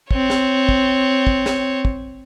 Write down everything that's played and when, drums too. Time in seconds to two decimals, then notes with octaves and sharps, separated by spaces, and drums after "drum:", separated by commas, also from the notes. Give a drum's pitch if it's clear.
0.11 C4 C#5, drum: kick
0.30 drum: snare
0.69 drum: kick
1.27 drum: kick
1.46 drum: snare
1.85 drum: kick